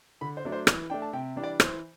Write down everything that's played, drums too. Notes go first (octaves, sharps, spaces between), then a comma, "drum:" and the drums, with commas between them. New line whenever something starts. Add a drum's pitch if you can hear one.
D3 B5
C5
F#3 A3 D4
C5
E3, drum: rim click
A3 D4 G5
A5
C3 G5
E3 G3 D4
D5
E3 C5, drum: rim click